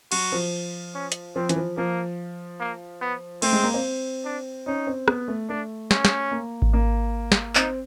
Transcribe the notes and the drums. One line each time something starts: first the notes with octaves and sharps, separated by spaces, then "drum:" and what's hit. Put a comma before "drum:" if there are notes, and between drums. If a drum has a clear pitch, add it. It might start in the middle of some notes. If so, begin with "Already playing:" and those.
F#3 F#4, drum: cymbal
F3
C#4
drum: hi-hat
F3 C4
E3, drum: hi-hat
F3
F3 A#3
A#3
B3
A3 C4, drum: cymbal
G#3
A#3
C4
D4
C#4 D#4
C4
B3, drum: rim click
A3
A3 D4
C#4, drum: snare
drum: snare
A#3
drum: kick G#1
A#3
drum: snare
C4 D#4, drum: clap